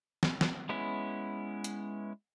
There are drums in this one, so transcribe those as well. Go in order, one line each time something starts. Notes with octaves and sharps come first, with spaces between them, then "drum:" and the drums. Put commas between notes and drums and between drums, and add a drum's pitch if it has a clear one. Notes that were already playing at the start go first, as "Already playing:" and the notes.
drum: snare
drum: snare
G#3 B3 C#4 E4
drum: hi-hat